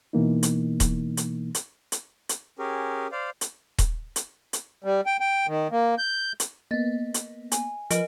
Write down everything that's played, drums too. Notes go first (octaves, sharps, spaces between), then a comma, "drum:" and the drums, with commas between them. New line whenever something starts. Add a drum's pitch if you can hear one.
B2 E3 A#3 D#4
drum: hi-hat
drum: kick D#1, hi-hat
drum: hi-hat
drum: hi-hat
drum: hi-hat
drum: hi-hat
C#4 G4 G#4 A#4
C5 D5 F5
drum: hi-hat
drum: kick D#1, hi-hat
drum: hi-hat
drum: hi-hat
G3
G5
G5
D#3
A#3
G6
drum: hi-hat
A#3 B3 D#5 A6
drum: hi-hat
G#5, drum: hi-hat
F3 A#4 B4 D#5 D7, drum: hi-hat